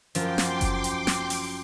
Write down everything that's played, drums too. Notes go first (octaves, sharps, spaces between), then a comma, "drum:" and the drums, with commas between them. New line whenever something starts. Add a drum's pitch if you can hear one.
F#2 F3 G5 C6 D6, drum: hi-hat
drum: snare
drum: kick F#1, hi-hat
drum: hi-hat
drum: snare
drum: open hi-hat